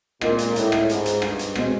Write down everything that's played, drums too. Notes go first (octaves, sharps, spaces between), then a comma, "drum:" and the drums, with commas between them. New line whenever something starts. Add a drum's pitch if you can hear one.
A#2 G#3 C4 F4 A#4 D#5, drum: rim click
drum: hi-hat
A2, drum: hi-hat
drum: rim click
G#2, drum: hi-hat
drum: hi-hat
G2, drum: rim click
drum: hi-hat
B2 G#3 C4, drum: rim click